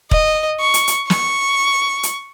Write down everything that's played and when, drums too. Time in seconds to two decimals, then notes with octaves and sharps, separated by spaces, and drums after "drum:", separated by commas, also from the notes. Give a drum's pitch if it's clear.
0.11 D#5, drum: kick
0.60 C#6
0.74 drum: hi-hat
0.87 drum: hi-hat
1.10 C#6, drum: snare
2.03 drum: hi-hat